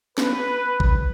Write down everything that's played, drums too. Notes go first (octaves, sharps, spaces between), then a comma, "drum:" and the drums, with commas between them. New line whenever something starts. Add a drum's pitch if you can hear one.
B4, drum: snare
drum: kick